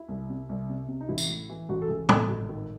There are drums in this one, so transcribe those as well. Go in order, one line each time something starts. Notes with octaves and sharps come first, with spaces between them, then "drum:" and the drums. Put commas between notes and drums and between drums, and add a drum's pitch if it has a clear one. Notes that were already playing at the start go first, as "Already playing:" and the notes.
Already playing: E4
C2
C3
C2
C3
C3
D#4
A1 E4
drum: tambourine
A2
E3
A1 F#4
A4
A1 G#4
E3 A4, drum: tom
G#1
D#3